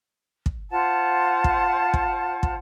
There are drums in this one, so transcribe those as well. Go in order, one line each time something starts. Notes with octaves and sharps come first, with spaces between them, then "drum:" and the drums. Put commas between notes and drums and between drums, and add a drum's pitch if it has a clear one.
drum: kick
F4 C5 F#5 A5
drum: kick
drum: kick
drum: kick